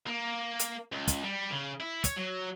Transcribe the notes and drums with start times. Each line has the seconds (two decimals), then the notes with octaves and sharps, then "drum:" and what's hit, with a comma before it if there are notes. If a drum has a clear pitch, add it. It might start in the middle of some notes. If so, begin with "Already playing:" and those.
0.07 A#3
0.59 drum: hi-hat
0.92 C#2
1.08 drum: kick, hi-hat
1.24 G3
1.52 C#3
1.80 E4
2.04 C#5, drum: kick, hi-hat
2.16 F#3